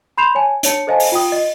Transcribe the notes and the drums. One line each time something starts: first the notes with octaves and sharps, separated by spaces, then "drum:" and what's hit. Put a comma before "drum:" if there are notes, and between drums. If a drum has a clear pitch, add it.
B5 C6 G6 C7 E7 F7
C#5 G#5 A5
D4 C#5 A5 C#7, drum: hi-hat
A4 C5 D#5 F5 G#5 A5
drum: open hi-hat
F4 G5 D#6
D#5